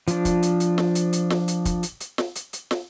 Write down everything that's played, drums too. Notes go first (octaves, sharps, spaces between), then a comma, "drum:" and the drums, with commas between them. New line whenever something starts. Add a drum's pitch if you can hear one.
F3 D4, drum: hi-hat
drum: kick, hi-hat
drum: hi-hat
drum: hi-hat
drum: snare
drum: hi-hat
drum: hi-hat
drum: snare
drum: hi-hat
drum: kick, hi-hat
drum: hi-hat
drum: hi-hat
drum: snare
drum: hi-hat
drum: hi-hat
drum: snare